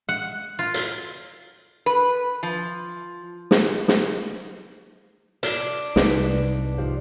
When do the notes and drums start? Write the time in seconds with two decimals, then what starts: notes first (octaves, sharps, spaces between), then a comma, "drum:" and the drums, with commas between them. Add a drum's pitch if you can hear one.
0.09 F#5
0.59 F4
0.74 drum: hi-hat
1.86 B4
2.43 F3
3.51 drum: snare
3.88 drum: snare
5.43 D4, drum: hi-hat
5.96 C2 D#4 B4 D5, drum: snare
6.78 F3 G3 D#4